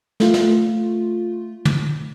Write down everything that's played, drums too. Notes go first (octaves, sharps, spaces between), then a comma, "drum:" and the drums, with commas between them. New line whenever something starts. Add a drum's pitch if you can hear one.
A3 F4, drum: snare
drum: snare
drum: tom